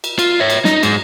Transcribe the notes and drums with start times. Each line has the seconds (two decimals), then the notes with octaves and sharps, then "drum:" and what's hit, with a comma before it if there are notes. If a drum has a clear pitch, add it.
0.04 drum: cymbal
0.19 F4, drum: cymbal
0.40 C#5 E5
0.50 drum: cymbal
0.65 D#4, drum: snare
0.83 G#2 G#3, drum: cymbal